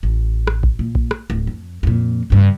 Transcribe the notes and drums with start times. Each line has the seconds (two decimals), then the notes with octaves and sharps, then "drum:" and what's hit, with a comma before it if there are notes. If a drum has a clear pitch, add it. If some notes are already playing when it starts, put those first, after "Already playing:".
0.03 A1
0.47 drum: rim click
0.63 drum: kick A#1
0.79 A#2
0.95 drum: kick A#1
1.11 drum: rim click
1.30 D1
1.47 F2
1.83 F2 A#2
2.30 G2 C#3